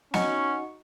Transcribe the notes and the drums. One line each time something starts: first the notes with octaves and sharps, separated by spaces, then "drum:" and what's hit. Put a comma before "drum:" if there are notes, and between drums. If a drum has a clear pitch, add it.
C#4 D#4 F#4 C#6, drum: snare